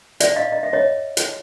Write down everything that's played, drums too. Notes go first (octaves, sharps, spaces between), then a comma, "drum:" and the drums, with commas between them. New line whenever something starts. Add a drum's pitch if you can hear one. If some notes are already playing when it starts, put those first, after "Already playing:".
D5 E5, drum: hi-hat
D#5 F5
D#5
E5
C#5 D#5
drum: hi-hat